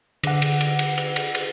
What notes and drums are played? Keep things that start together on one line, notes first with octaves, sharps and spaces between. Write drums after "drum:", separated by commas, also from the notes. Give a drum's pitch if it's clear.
D3 F#5, drum: cymbal
drum: cymbal
drum: cymbal
drum: cymbal
drum: cymbal
drum: cymbal
drum: cymbal